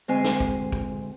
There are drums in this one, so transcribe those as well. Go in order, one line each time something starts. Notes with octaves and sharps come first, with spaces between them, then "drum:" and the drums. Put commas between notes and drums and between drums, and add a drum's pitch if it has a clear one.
D2 G#3 C4 G#5
drum: snare
drum: kick
drum: kick